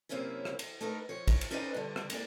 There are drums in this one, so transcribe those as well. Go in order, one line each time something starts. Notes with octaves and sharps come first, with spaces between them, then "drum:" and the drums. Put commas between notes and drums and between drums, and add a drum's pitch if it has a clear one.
F#2 C3 A#3 C4 C#4 E4
drum: rim click
drum: cymbal
A3 D#4 A#4 B4
F3 C#5
drum: kick, cymbal
drum: cymbal
C#4 D#4 B4 C5 D5 D#5
G2 D3
drum: rim click
G#3 A#3 G4 D5, drum: cymbal